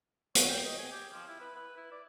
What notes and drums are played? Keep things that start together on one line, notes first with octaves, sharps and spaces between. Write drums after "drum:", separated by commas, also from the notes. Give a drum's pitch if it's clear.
C#5, drum: hi-hat
G5
D#5
G#4
G4
F3
E4
B4
B4
E4
D5